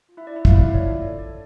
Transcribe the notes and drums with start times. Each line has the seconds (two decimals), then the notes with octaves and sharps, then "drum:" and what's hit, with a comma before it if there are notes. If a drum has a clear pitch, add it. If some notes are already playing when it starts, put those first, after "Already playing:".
0.09 F4
0.17 E4 E5
0.27 D4 D5
0.36 E4 E5
0.45 F4 A4 F5, drum: kick
0.54 E4 E5
0.63 A3 D5
0.73 C#5
0.82 D4
1.00 A4
1.18 A4 D5